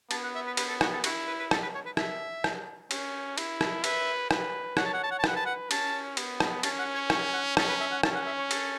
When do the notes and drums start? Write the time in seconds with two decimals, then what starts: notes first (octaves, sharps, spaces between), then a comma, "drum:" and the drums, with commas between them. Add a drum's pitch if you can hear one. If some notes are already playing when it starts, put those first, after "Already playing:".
0.11 B3 A5, drum: cymbal
0.23 F#5
0.35 E5
0.47 B4
0.57 B4, drum: cymbal
0.69 A4
0.81 F#4, drum: rim click
0.93 A4
1.04 E4 F#4, drum: cymbal
1.27 B4
1.39 B4
1.51 A4, drum: rim click
1.62 B4
1.75 C#5
1.85 B4
1.97 E5, drum: rim click
2.44 drum: rim click
2.91 C#4, drum: cymbal
3.38 E4, drum: cymbal
3.61 drum: rim click
3.84 B4 E5, drum: cymbal
4.31 B4, drum: rim click
4.77 C#5 F#5, drum: rim click
4.85 A5
4.94 F#5
5.03 A5
5.11 F#5
5.19 A5
5.24 B4 F#5, drum: rim click
5.36 A5
5.45 F#5
5.71 C#4 A5, drum: cymbal
6.17 B3, drum: cymbal
6.40 drum: rim click
6.63 C#4 A5, drum: cymbal
6.79 F#5
6.95 C#5
7.10 C#5, drum: rim click
7.34 F#5
7.57 C#4 A4, drum: rim click
7.68 B4
7.80 E5
7.91 F#5
8.03 C#4 A5, drum: rim click
8.15 F#5
8.26 E5
8.38 C#5
8.51 A4, drum: cymbal